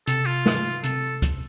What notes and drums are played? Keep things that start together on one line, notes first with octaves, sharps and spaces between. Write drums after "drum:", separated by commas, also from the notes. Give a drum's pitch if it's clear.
C3 A4, drum: hi-hat
F4
drum: snare
C3 A4, drum: hi-hat
drum: kick C#2, hi-hat